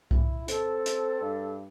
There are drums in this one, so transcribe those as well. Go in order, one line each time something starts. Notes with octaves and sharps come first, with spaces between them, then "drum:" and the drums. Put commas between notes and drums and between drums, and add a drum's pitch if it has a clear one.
E4, drum: kick C2
C4 A4, drum: hi-hat
drum: hi-hat
G2